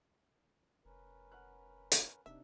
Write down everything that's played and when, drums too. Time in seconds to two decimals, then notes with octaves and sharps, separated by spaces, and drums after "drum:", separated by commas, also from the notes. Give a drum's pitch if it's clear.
0.85 F1 C#4 A#4 B4
1.32 F#5 F6 F#6
1.92 drum: hi-hat
2.26 D#1 C3 D4 D#4 E5